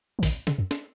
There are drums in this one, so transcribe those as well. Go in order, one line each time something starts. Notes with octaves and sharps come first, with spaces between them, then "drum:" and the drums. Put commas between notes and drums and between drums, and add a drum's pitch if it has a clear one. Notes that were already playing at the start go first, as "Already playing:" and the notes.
E3
D#3, drum: kick, open hi-hat
C#3, drum: snare
F#2
drum: snare